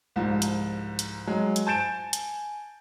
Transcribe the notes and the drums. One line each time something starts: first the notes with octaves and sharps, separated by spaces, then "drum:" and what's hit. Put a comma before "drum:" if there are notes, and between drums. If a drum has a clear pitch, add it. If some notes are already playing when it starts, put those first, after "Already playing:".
C2 G#2 F3
drum: hi-hat
drum: hi-hat
F#3 G#3
drum: hi-hat
G#5 A5 G6 A6 D7 E7
drum: hi-hat